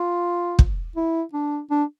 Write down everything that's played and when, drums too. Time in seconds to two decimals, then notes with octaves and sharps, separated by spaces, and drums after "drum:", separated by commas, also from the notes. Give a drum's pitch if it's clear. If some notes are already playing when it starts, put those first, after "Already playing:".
Already playing: F4
0.59 drum: kick
0.96 E4
1.34 D4
1.71 D4